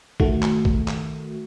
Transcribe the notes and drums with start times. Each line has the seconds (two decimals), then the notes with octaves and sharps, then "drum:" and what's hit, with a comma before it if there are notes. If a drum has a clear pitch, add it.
0.20 D#3 A3 F#4, drum: kick A#1
0.42 drum: clap
0.65 drum: kick A#1
0.88 drum: clap